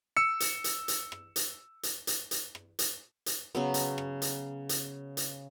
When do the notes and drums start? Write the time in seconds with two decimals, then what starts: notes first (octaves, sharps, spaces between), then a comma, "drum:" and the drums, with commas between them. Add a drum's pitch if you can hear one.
0.17 E6 C#7
0.40 drum: hi-hat
0.64 drum: hi-hat
0.88 drum: hi-hat
1.12 drum: rim click
1.36 drum: hi-hat
1.83 drum: hi-hat
2.07 drum: hi-hat
2.31 drum: hi-hat
2.55 drum: rim click
2.79 drum: hi-hat
3.26 drum: hi-hat
3.55 C#3 F#3 B3
3.74 drum: hi-hat
3.98 drum: rim click
4.22 drum: hi-hat
4.69 drum: hi-hat
5.17 drum: hi-hat